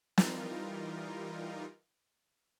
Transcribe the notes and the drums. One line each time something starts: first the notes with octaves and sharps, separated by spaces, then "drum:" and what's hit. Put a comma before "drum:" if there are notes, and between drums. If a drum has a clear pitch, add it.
E3 G3 D#4 F4 A#4, drum: snare